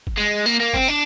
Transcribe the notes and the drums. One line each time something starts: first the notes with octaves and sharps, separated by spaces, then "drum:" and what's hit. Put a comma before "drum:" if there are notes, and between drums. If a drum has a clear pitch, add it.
drum: kick G1
G#3
A#3
A#3
C4, drum: kick G1
D4